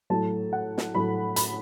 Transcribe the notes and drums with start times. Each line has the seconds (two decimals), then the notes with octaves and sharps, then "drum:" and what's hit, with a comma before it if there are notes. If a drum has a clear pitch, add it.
0.10 A2 F#3 A3 A5
0.53 F#5
0.78 drum: snare
0.94 A2 F#3 A3 B5
1.36 B5, drum: hi-hat